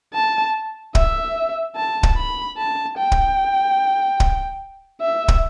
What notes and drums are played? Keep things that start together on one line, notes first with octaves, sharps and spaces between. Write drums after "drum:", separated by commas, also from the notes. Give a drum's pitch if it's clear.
A5
E5, drum: kick
A5
drum: kick
B5
A5
G5
drum: kick
drum: kick
E5
drum: kick